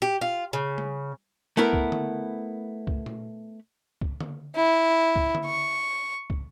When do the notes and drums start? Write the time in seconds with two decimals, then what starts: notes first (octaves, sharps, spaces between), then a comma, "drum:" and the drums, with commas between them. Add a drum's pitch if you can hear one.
0.02 G4
0.21 F4
0.53 C#3
0.78 drum: tom G3
1.57 A3 B3 E4 A#4
1.73 drum: kick
1.92 drum: tom D3
2.87 drum: kick
3.06 drum: tom A#2
4.01 drum: kick
4.20 drum: tom D3
4.56 E4
5.16 drum: kick
5.35 drum: tom D3
5.46 C#6
6.30 drum: kick